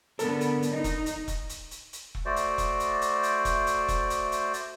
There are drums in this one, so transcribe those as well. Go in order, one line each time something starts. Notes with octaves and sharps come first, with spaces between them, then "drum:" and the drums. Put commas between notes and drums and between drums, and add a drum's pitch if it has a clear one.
D3 B3 A4 A#4, drum: hi-hat
drum: hi-hat
drum: hi-hat
D#4
drum: kick E1, hi-hat
drum: hi-hat
drum: kick E1, hi-hat
drum: hi-hat
drum: hi-hat
drum: hi-hat
drum: kick E1
A3 F#4 C5 D5
drum: hi-hat
drum: kick E1, hi-hat
drum: hi-hat
drum: hi-hat
drum: hi-hat
drum: kick E1, hi-hat
drum: hi-hat
drum: kick E1, hi-hat
drum: hi-hat
drum: hi-hat
drum: hi-hat